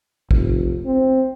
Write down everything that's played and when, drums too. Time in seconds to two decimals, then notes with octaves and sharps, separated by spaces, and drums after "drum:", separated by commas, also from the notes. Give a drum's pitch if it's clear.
0.31 F1, drum: kick A#1
0.85 C4